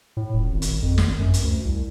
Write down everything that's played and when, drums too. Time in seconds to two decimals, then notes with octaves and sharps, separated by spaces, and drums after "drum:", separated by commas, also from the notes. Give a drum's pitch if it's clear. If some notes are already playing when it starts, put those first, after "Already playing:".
0.17 A2
0.34 D#1
0.52 G#1
0.62 drum: hi-hat
0.82 F2
0.98 G#1, drum: snare
1.19 F#2
1.34 drum: hi-hat
1.44 D2
1.65 C2